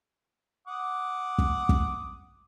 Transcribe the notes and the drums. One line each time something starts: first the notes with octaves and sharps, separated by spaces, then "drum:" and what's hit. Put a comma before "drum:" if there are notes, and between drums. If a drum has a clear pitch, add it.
F#5 D6 D#6
drum: kick
drum: kick